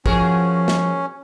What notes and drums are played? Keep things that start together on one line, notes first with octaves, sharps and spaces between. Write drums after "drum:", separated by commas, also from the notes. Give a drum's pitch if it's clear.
F3 C#4 F#4 G#4 A#4, drum: kick
drum: snare